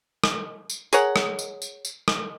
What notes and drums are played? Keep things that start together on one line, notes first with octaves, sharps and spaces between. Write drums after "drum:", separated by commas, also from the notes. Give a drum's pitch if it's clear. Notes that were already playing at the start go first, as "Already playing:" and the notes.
drum: rim click
drum: tambourine
G#4 A#4 C#5 F#5, drum: tambourine
drum: rim click
drum: tambourine
drum: tambourine
drum: tambourine
drum: rim click